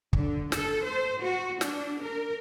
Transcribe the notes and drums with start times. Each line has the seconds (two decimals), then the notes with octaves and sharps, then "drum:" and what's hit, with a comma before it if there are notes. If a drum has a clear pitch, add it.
0.13 D3, drum: kick
0.52 A4, drum: snare
0.84 C5
1.21 F#4
1.61 D4, drum: snare
2.01 A#4